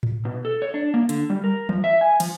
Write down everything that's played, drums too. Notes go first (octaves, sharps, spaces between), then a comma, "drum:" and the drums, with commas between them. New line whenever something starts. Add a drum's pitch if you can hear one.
drum: tom A2
B2
A4
C#5
D4
A#3
D3, drum: hi-hat
G3
A#4
F3, drum: tom F#3
E5
G#5
F3, drum: cymbal